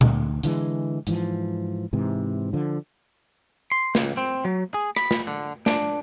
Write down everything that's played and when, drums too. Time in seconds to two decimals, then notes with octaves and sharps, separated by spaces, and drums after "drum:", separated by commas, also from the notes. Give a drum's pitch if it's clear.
0.01 D2, drum: tom A#2
0.43 D3 E3 G#3, drum: hi-hat
1.07 G#2 E3 F3, drum: hi-hat
1.93 G#2 C3 E3
2.53 D3 F3
3.72 C6
3.95 C#2, drum: snare
4.17 C4
4.45 F#3
4.74 G#4
4.96 B5, drum: rim click
5.11 drum: snare
5.27 D3
5.66 D4, drum: snare